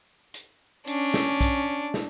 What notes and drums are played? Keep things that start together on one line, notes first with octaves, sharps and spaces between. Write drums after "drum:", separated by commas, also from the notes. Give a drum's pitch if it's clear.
drum: hi-hat
C#4 D4, drum: hi-hat
drum: snare
drum: kick B1, hi-hat
drum: snare